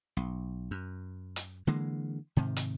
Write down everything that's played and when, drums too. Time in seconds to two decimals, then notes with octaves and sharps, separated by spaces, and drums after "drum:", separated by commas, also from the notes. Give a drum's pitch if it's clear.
0.17 B1
0.71 F#2
1.36 drum: hi-hat
1.67 D3 E3 G#3 A#3
2.36 G#2 C3 D#3
2.57 drum: hi-hat